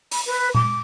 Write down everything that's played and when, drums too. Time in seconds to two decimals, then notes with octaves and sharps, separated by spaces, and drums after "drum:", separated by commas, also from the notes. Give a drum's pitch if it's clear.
0.11 B5, drum: open hi-hat
0.26 B4
0.54 D6, drum: tom A#2